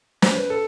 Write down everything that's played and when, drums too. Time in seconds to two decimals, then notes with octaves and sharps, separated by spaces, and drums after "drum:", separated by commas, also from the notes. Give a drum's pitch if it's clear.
0.22 C5, drum: snare
0.36 B4
0.50 A4